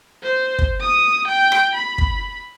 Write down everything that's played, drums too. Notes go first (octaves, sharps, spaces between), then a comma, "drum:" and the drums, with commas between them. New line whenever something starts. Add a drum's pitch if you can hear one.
C5
drum: kick
D#6
G5
drum: rim click
B5
drum: kick